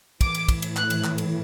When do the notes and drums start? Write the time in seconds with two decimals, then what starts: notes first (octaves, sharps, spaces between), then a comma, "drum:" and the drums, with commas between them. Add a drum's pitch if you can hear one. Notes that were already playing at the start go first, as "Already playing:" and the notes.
0.21 A2 E3 D6, drum: kick, cymbal
0.35 drum: cymbal
0.49 drum: kick, cymbal
0.62 drum: cymbal
0.76 F#6, drum: clap
0.90 drum: cymbal
1.04 drum: clap
1.18 drum: cymbal